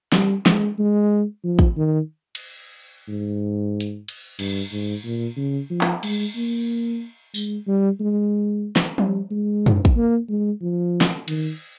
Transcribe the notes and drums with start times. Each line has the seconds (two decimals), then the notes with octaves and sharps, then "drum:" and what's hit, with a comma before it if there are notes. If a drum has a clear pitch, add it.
0.12 G3, drum: snare
0.46 G#3, drum: snare
0.78 G#3
1.44 F3
1.59 drum: kick
1.77 D#3
2.35 drum: cymbal
3.08 G#2
3.80 drum: hi-hat
4.08 drum: cymbal
4.39 G2, drum: cymbal
4.72 G#2
5.05 A#2
5.37 C#3
5.70 F3
5.81 drum: clap
6.03 G#3, drum: cymbal
6.35 A#3
7.34 G#3, drum: tambourine
7.67 G3
8.00 G#3
8.76 drum: snare
8.98 G3, drum: tom F3
9.31 G#3
9.66 drum: tom F#2
9.85 drum: kick
9.96 A#3
10.29 G#3
10.61 F3
11.01 drum: snare
11.28 D#3, drum: cymbal